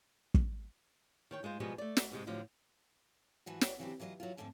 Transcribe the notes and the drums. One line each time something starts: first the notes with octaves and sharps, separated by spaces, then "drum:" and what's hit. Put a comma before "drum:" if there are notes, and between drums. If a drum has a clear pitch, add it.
drum: kick
D#3 C#5 G5
G#2 G#3 F4 C5
B2 F3 G3 G#3 B3 G#4
A3 D5
drum: snare
G#2 C3 G#3
A2 D3 F3 F#3
G#2 E3 F3 F#4
C#5 D5 G5, drum: snare
C#3 E3 F#3 C4 D4 G4
E3 F#3 F4 C#5 D#5
F#3 E4 F4
F2 G#2 D3 A3 C4